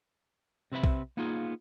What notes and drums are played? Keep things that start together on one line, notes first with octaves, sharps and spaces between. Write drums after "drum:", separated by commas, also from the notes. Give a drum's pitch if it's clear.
C3 C4 B4 E5 B5
drum: kick B1
A#3 B3 D#4 F4 G#4